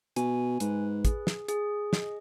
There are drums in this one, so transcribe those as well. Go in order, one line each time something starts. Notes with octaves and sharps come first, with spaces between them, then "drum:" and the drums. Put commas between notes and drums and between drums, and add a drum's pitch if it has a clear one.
B2 G#5, drum: hi-hat
G#2 B4, drum: hi-hat
G#4, drum: kick, hi-hat
drum: snare
G#4, drum: hi-hat
D#5, drum: snare